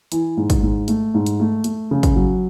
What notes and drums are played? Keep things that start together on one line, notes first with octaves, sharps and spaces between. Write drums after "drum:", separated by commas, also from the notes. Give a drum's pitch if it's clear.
E3, drum: hi-hat
G#2
drum: kick, hi-hat
G#2
A3, drum: hi-hat
G#2
drum: hi-hat
A3
A3, drum: hi-hat
C#3
drum: kick, hi-hat
F#3